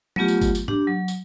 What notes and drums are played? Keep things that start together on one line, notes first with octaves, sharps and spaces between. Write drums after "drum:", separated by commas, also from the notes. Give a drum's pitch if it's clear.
F#3 A3 B3 F4 G4, drum: tom F3
drum: tambourine
drum: kick G1, tambourine
drum: tambourine
D4 G4, drum: tom
F#3
drum: tambourine